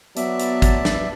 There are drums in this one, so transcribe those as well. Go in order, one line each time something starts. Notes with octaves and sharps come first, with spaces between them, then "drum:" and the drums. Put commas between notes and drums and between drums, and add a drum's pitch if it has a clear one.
F#3 B3 D5 E5 A5, drum: hi-hat
drum: hi-hat
drum: kick, hi-hat
drum: snare